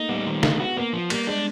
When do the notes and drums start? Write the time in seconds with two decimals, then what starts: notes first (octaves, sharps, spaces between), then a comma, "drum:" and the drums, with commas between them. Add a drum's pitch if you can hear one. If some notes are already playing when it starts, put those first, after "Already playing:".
Already playing: A3 A#3 D#4
0.09 G3 B3
0.26 D#3 C4
0.43 B3 D#4, drum: snare
0.60 B3 F#4
0.77 A#3 B3
0.93 F3
1.10 G3 A#3, drum: cymbal
1.27 G#3 D4